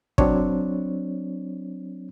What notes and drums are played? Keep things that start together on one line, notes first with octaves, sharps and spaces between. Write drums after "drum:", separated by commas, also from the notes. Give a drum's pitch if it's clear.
F#3 C4 D4 C#5, drum: kick